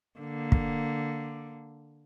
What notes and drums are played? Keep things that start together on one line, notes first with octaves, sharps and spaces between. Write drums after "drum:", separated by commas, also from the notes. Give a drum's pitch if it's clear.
D3 A#3
drum: kick